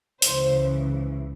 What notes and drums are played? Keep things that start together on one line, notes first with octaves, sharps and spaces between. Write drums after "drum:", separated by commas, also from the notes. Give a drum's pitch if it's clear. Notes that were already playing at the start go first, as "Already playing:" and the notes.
C#2 C#3 E3 C5, drum: open hi-hat